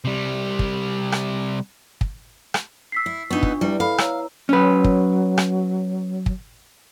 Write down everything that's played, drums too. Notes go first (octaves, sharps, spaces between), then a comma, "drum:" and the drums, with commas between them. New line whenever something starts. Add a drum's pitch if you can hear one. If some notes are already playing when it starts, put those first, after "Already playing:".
C3 G3
drum: kick
drum: rim click
drum: kick
drum: rim click
E6 B6 C7
E4
B3 D4 D#4 F4 C#6
drum: kick
G3 E4 B4
A4 F5 B5
C#5 A#5 E6, drum: rim click
F#3 C#4 B4
drum: kick
drum: rim click
drum: kick